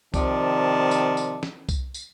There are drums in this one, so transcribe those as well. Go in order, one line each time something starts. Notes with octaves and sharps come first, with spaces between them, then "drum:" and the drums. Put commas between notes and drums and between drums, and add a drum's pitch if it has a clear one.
C3 D#3 F3 D5 A5, drum: kick C2, tambourine
drum: tambourine
drum: tambourine
drum: snare
drum: kick C2, tambourine
drum: tambourine